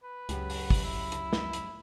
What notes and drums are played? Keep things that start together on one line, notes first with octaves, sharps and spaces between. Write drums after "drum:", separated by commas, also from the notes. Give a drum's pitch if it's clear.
B4
C#2 F#2 G4 G#4, drum: hi-hat
drum: open hi-hat
drum: kick, open hi-hat
E4
drum: hi-hat
drum: snare
drum: hi-hat